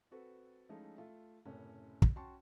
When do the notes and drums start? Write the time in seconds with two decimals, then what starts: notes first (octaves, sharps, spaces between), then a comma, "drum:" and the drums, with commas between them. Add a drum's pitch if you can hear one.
0.11 C4 F#4 A4 B4
0.69 F3 G#3 A3 C#4 D#4 E4
0.98 A3 F4 E5
1.45 F#1 A2 C3 A3 C#4
2.02 drum: kick
2.15 C#4 F#4 G5 A5 C6 C#6